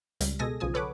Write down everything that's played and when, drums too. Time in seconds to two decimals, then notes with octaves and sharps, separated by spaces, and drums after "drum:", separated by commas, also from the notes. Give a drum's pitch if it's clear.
0.21 C#2 G3, drum: hi-hat
0.39 B2 G#3 A4 G#5 D#6 A#6
0.60 B1 C#3 F3 G#5 D#6
0.74 A4 B4 C#5 F#5 D6